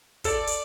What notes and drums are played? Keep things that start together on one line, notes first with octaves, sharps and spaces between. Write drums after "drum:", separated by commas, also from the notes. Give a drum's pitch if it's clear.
A4 D5, drum: kick, hi-hat
drum: hi-hat